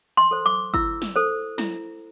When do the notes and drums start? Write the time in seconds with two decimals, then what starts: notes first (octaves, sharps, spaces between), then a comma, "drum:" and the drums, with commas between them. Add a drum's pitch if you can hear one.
0.17 C6
0.31 A4 C5
0.46 D6
0.74 E4 E6, drum: kick G1
1.02 drum: snare
1.16 A4 C5
1.58 E4, drum: snare